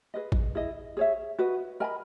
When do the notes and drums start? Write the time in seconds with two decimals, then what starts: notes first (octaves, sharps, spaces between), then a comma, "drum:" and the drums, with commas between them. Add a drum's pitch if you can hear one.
0.14 G#4 B4 D#5
0.32 drum: kick A1
0.55 E4 G#4 D#5
0.97 G#4 C#5 E5
1.39 F#4 B4 D#5
1.80 A#4 D#5 G#5 B5